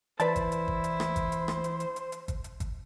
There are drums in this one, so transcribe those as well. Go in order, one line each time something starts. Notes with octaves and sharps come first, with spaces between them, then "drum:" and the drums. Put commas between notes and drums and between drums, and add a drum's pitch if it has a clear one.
E3 E4 B4 C5 D5 A5, drum: hi-hat
drum: kick, hi-hat
drum: hi-hat
drum: kick
drum: hi-hat
drum: rim click
drum: kick, hi-hat
drum: hi-hat
drum: rim click
drum: hi-hat
drum: hi-hat
drum: hi-hat
drum: hi-hat
drum: kick, hi-hat
drum: hi-hat
drum: kick, hi-hat